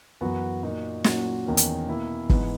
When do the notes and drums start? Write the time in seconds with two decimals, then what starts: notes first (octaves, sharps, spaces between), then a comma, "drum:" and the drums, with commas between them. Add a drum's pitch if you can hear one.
0.21 F#2 E3 B3 F#4
0.63 A#2 A#3 D#4 F#4
1.04 A#2 F#3 C#4 F#4, drum: snare
1.46 E2 D#3 A#3 C#4
1.57 drum: hi-hat
1.87 B2 A#3 E4
2.30 G#2 E3 B3, drum: kick F#1